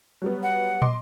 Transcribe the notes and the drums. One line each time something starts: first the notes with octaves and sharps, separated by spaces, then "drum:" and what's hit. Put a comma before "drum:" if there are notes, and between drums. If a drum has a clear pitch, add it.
F#3 G3 B3
F#5
D#5 C6 D6, drum: tom